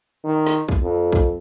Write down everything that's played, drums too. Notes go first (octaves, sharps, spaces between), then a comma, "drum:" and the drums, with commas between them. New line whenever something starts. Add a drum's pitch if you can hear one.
D#3
drum: snare
drum: kick
F2
drum: kick